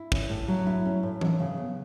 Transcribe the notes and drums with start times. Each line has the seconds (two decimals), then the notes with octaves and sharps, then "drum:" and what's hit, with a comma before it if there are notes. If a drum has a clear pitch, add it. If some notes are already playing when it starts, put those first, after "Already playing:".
Already playing: E4
0.12 C#4, drum: kick
0.30 A2
0.48 F#3
0.67 E4
0.85 C#4
1.03 A2
1.21 F#3, drum: tom E3
1.39 C#3
1.57 B3